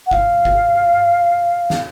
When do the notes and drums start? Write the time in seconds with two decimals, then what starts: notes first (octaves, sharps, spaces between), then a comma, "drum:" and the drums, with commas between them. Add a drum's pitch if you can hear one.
0.06 F#5
0.11 F5, drum: kick G1
0.45 drum: kick G1
1.70 drum: snare